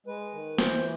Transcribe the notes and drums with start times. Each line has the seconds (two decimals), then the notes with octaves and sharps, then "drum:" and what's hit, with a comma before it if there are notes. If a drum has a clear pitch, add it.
0.06 G#3 B4
0.33 D#3
0.58 E3 C5, drum: snare